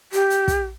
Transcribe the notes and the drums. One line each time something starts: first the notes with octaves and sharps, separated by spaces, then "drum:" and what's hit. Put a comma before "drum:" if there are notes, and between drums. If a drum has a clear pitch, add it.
G4, drum: hi-hat
drum: hi-hat
drum: kick, hi-hat